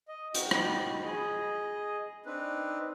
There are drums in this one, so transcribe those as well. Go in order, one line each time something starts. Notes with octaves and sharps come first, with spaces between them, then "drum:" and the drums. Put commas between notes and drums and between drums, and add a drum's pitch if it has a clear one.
D#5
D#4 F#4 G5, drum: hi-hat
drum: rim click
G#4 D#5
C4 D4 D#4 B4